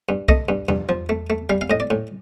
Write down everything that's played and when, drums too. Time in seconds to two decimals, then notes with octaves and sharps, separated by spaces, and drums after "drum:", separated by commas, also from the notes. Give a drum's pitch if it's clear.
0.09 G2
0.29 A3 D#5, drum: kick C2
0.49 G2
0.69 G2, drum: tom E2
0.89 F3
1.09 A3
1.30 A3
1.49 G3 F5
1.61 F5
1.70 A2 D#5
1.80 D5
1.90 A2